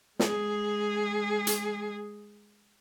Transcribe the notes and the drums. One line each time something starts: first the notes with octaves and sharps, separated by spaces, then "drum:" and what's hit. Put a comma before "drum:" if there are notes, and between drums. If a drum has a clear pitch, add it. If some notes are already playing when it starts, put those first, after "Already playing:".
G#3 G#4, drum: snare
drum: hi-hat